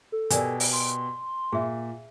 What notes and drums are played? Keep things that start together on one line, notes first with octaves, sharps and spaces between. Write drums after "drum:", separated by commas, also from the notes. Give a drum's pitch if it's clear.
A4
B2 G4 A#4 D5 G#5, drum: hi-hat
drum: open hi-hat
C6
A#2 G#4 E5